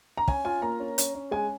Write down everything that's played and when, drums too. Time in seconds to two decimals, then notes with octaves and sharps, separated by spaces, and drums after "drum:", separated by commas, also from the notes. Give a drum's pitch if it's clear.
0.17 A#5
0.28 C#4 G#5, drum: kick
0.45 F4 G#5
0.62 A#3 A#5
0.80 C#4
0.98 C#4, drum: hi-hat
1.15 C#4
1.31 G#3 G#5